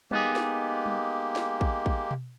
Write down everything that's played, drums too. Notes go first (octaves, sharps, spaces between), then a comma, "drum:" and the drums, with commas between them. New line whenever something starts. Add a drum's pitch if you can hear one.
G#3 A#3 B3 D#4 G4 G#4, drum: tom G3
drum: snare
drum: tom G3
drum: snare
drum: kick
drum: kick
drum: tom B2